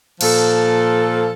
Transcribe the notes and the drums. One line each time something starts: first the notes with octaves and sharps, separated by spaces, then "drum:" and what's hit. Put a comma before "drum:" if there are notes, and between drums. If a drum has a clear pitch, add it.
A#2 F3 A4, drum: cymbal